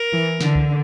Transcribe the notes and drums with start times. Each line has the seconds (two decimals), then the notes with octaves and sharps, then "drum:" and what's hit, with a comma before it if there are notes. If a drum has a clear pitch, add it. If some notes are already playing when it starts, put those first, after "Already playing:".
Already playing: A#4
0.13 E3
0.40 D3, drum: snare
0.55 drum: kick C2